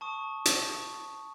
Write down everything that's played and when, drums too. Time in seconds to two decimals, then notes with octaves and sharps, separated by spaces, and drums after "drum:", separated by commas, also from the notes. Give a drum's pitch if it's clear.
0.01 A5 C#6 D#6
0.45 drum: hi-hat